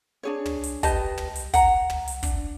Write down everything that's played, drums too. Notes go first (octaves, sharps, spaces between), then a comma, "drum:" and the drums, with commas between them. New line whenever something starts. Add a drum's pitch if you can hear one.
D4 G#4 C#5
drum: tom
drum: hi-hat
G4 B4 D#5 A5, drum: kick, hi-hat
drum: tom
drum: hi-hat
F#5 A#5, drum: kick, hi-hat
drum: tom
drum: hi-hat
D4, drum: kick, hi-hat